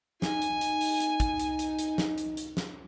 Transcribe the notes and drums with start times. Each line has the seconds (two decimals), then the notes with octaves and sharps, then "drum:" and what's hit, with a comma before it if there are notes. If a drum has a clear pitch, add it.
0.22 D#4 G#5, drum: snare
0.42 drum: hi-hat
0.61 drum: hi-hat
0.81 drum: open hi-hat
1.00 drum: hi-hat
1.20 drum: kick, hi-hat
1.39 drum: hi-hat
1.59 drum: hi-hat
1.79 drum: hi-hat
1.98 drum: snare
2.18 drum: hi-hat
2.37 drum: hi-hat
2.57 drum: snare